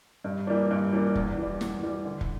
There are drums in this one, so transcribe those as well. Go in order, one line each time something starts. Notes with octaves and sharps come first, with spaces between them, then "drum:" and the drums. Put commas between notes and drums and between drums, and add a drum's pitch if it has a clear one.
G2
E3 G3 A#3 D4
G2
E3 G3 A#3 D4
E2, drum: kick
E3
G3
E2, drum: snare
E3 G3
D3
drum: kick